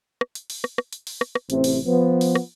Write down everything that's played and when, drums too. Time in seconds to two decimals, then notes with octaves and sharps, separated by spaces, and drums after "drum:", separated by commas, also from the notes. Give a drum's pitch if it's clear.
0.21 drum: rim click
0.35 drum: hi-hat
0.50 drum: open hi-hat
0.64 drum: rim click
0.78 drum: rim click
0.93 drum: hi-hat
1.07 drum: open hi-hat
1.21 drum: rim click
1.35 drum: rim click
1.50 A1 C3, drum: hi-hat
1.64 drum: open hi-hat
1.85 F3 B3
2.21 drum: open hi-hat
2.35 drum: rim click